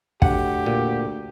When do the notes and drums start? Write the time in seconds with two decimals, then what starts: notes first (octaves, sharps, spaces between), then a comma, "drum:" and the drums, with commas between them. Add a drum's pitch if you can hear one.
0.22 D2 G4 F#5, drum: kick
0.66 A#2